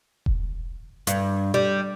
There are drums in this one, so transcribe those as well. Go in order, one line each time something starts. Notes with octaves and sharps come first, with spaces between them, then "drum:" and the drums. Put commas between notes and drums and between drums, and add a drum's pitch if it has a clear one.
drum: kick E1
G2, drum: hi-hat
G3